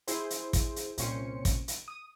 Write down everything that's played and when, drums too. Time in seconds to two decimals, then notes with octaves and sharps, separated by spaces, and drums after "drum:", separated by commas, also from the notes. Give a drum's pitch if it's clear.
0.08 E4 G#4 C5, drum: hi-hat
0.30 drum: hi-hat
0.53 drum: kick, hi-hat
0.76 drum: hi-hat
0.98 C2 A#2 C#4 C5 C#7, drum: hi-hat
1.45 drum: kick, hi-hat
1.68 drum: hi-hat
1.88 D#6